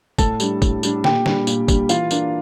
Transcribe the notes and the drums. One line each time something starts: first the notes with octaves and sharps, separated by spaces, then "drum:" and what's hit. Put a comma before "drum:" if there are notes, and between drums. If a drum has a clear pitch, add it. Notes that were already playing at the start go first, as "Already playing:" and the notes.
A2 A4 A5, drum: kick, tambourine
G3 D4, drum: tambourine
A2, drum: kick, tambourine
G3 D4, drum: tambourine
A#2 G4 G5, drum: snare
G3 D4, drum: snare
A#2, drum: tambourine
G3 D4, drum: kick, tambourine
E3 F4 F5, drum: tambourine
A#3 D4, drum: tambourine